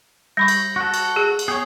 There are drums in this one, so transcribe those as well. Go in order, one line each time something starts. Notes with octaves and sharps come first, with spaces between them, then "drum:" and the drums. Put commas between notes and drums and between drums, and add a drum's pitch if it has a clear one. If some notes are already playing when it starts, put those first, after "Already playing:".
G3 B5 C#6 G6 A#6
drum: cymbal
F#4 A4
drum: cymbal
G#4
drum: cymbal
B3 G#4 C#5